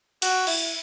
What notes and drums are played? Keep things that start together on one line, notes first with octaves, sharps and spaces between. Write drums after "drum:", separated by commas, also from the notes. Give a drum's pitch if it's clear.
F#4, drum: cymbal
E4, drum: cymbal